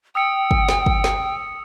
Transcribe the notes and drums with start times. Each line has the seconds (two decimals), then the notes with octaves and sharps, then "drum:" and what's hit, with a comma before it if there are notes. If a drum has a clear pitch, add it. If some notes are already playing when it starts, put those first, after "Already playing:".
0.15 G5 D#6 E6 C#7
0.51 drum: kick
0.69 drum: snare
0.86 drum: kick
1.04 drum: snare